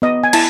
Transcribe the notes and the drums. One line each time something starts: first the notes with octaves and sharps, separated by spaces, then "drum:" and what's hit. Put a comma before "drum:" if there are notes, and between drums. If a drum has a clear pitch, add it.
B3 D#5
G#5
E4 A5, drum: cymbal